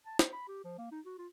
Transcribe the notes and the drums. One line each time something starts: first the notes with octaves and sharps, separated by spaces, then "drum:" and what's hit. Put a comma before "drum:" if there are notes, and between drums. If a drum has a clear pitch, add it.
A5
C5, drum: snare
B5
G4
F3
A#3
D#4
F#4
F4